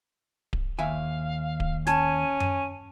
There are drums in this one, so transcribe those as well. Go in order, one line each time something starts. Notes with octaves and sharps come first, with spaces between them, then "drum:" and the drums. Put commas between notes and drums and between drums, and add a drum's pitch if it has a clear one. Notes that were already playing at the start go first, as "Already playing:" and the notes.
drum: kick D1
D#2 E5 F5 G#5
drum: kick D1
C#4 A5 G#6 D#7, drum: snare
drum: tom F#2